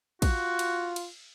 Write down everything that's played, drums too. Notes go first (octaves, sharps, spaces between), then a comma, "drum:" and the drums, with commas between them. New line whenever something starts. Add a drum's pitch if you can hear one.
F4 F#4, drum: kick, cymbal
drum: cymbal
drum: cymbal